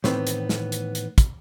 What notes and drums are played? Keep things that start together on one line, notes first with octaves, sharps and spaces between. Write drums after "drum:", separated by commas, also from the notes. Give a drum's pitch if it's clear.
A2 D#3 E3 B3 C4, drum: snare
drum: hi-hat
drum: snare
drum: hi-hat
drum: hi-hat
drum: kick, hi-hat